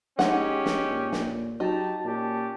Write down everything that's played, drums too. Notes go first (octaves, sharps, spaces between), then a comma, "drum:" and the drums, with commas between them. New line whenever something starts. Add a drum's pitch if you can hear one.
G#3 C#4 D#4 G4 D#5 F#5, drum: snare
drum: snare
A#2
drum: snare
F#3 D#4 G4 A5
A#2 C#4 G4 A5